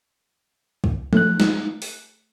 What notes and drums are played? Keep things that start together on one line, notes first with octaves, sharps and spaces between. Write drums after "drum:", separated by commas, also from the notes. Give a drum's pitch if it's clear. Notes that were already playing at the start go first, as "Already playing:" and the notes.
drum: kick
A3 F#6, drum: tom F3
drum: snare
drum: open hi-hat